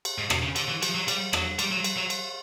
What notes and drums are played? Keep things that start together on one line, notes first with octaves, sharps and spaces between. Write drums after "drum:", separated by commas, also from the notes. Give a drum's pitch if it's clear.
drum: cymbal
G#2
C3, drum: rim click
C#3
D3, drum: cymbal
E3
F3, drum: cymbal
F#3
G3, drum: cymbal
F#3, drum: rim click
G3, drum: cymbal
F#3
drum: cymbal
F#3
drum: cymbal